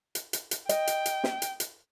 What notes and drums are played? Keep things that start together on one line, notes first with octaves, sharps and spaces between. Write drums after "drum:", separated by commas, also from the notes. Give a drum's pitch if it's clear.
drum: hi-hat
drum: hi-hat
drum: hi-hat
D#5 G5, drum: hi-hat
drum: hi-hat
drum: hi-hat
drum: snare
drum: hi-hat
drum: hi-hat